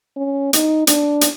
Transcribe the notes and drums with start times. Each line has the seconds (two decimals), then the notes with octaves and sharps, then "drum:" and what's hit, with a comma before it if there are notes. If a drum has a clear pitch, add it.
0.17 C#4
0.53 D#4, drum: hi-hat
0.87 D4, drum: hi-hat
1.21 drum: hi-hat